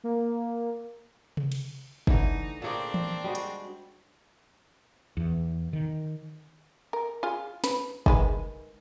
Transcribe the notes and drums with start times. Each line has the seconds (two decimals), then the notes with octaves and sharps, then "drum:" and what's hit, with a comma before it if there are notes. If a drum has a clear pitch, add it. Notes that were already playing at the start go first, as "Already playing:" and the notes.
0.04 A#3
1.37 drum: tom C3
1.52 drum: cymbal
2.07 D3 E3 A3 D#4, drum: kick
2.62 A#2 A3 C4 D4 G#4 A#4 D5 G5
2.94 drum: tom E3
3.24 G3 G#3 F#4
3.35 drum: hi-hat
5.17 E2
5.73 D#3
6.93 A#4
7.23 F4 G#4
7.64 B4, drum: snare
8.06 D#3 G#3 B4, drum: kick